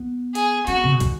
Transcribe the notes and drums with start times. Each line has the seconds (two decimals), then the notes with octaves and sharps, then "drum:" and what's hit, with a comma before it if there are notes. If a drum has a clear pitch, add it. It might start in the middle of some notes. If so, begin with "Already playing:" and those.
Already playing: B3
0.35 G#4, drum: hi-hat
0.67 C#4 F#4, drum: hi-hat
0.76 B3
0.83 C#3
0.92 B2
1.00 D#3, drum: kick, hi-hat